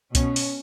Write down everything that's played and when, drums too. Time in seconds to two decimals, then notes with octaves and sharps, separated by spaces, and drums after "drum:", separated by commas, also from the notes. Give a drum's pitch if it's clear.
0.15 B2 C#4, drum: kick C2, hi-hat
0.36 drum: open hi-hat